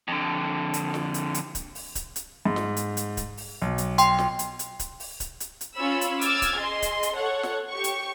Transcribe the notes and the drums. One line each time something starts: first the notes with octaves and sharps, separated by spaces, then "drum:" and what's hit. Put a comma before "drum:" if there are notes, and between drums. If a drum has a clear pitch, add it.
F2 D3
drum: hi-hat
drum: snare
drum: hi-hat
drum: hi-hat
drum: kick C#1, hi-hat
drum: open hi-hat
drum: kick C#1, hi-hat
drum: hi-hat
G#2
drum: snare
drum: hi-hat
drum: hi-hat
drum: kick C#1, hi-hat
drum: open hi-hat
B1
drum: hi-hat
G5 C6, drum: hi-hat
drum: snare
drum: hi-hat
drum: hi-hat
drum: kick C#1, hi-hat
drum: open hi-hat
drum: kick C#1, hi-hat
drum: hi-hat
drum: hi-hat
C#4 F4 C#5 B5 E6
drum: hi-hat
D6 E6 F6 G#6 A6, drum: hi-hat
drum: kick C#1, hi-hat
G#4 D#5 C6
drum: kick C#1, hi-hat
drum: hi-hat
A4 C#5 F#5 C#6
drum: snare
G4 C#6
drum: hi-hat